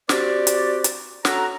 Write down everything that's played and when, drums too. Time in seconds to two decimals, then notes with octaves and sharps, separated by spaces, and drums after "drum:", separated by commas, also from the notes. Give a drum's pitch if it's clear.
0.09 C4 F#4 G4 D5, drum: snare
0.47 drum: hi-hat
0.84 drum: hi-hat
1.25 C#4 F#4 A4 F#5 A#5, drum: snare